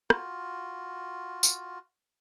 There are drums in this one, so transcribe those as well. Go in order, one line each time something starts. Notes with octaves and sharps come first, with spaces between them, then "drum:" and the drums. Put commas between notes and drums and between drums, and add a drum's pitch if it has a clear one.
F4 F#4, drum: rim click
drum: tambourine